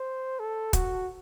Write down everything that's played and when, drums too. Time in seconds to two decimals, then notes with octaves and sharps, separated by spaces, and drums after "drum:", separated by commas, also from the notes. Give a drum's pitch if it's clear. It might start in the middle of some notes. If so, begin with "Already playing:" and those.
Already playing: C5
0.39 A4
0.73 F#4, drum: kick, hi-hat